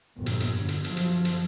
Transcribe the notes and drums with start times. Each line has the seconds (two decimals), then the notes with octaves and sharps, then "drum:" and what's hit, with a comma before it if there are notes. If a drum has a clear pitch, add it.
0.15 G1 F2 A#2
0.26 drum: hi-hat
0.40 drum: hi-hat
0.54 D3
0.68 drum: hi-hat
0.84 F#2 F3, drum: hi-hat
0.97 drum: hi-hat
1.25 drum: hi-hat